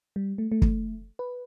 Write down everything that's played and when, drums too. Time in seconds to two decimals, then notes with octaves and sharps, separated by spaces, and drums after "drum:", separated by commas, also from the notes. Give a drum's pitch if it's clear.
0.16 G3
0.38 A3
0.52 A3
0.62 drum: kick
1.19 B4